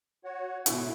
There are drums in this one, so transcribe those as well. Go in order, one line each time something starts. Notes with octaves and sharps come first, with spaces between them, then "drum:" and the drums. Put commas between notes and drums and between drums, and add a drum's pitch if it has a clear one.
F#4 C#5 F#5
G#1 B2 A3 E4 C#6, drum: hi-hat